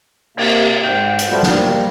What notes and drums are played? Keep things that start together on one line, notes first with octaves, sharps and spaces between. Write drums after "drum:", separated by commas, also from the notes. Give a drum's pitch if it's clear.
C3 A#3, drum: cymbal
G#2 G5
drum: hi-hat
F3 G3 A3 B3 F4 F#4
G3 A#3, drum: snare